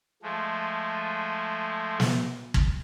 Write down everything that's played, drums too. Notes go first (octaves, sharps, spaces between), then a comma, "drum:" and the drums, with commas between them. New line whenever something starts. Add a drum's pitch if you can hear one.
F3 G#3 A3
drum: snare
drum: kick